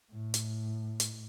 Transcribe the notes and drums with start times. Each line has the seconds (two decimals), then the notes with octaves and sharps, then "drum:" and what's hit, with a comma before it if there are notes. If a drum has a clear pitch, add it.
0.12 A2
0.34 drum: hi-hat
1.00 drum: hi-hat